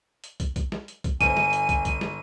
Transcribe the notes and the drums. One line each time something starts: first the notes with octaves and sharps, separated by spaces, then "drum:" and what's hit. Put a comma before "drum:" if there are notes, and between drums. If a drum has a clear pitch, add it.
drum: hi-hat
drum: kick, hi-hat
drum: kick, hi-hat
drum: snare
drum: hi-hat
drum: kick, hi-hat
G1 C5 G#5 D#7, drum: kick, hi-hat
drum: snare
drum: hi-hat
drum: kick, hi-hat
drum: kick, hi-hat
drum: snare